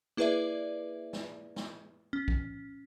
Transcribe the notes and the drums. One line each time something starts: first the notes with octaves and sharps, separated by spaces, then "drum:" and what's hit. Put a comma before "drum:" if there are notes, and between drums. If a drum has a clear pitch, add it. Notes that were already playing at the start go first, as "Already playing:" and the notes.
A#3 E4 G#4 B4 D5 E5
drum: snare
drum: snare
C#4
drum: kick A#1